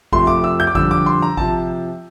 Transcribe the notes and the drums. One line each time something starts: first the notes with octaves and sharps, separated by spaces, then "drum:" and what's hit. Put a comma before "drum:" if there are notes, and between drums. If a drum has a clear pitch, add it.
F2 C3 F3 A3 C6, drum: kick G#1
D6
E6
G6
D6
F2 D3 G3 E6, drum: kick G#1
D6
C6
A#5
C3 F3 A5, drum: kick G#1